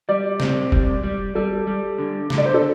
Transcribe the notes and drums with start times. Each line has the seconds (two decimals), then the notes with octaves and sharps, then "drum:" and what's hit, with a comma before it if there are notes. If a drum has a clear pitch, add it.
0.09 G3 D5
0.40 C4, drum: snare
0.72 G3, drum: kick
1.03 G3
1.35 G3 A4
1.67 G3
1.98 D3
2.30 D3, drum: snare
2.38 D5
2.46 C5
2.54 A4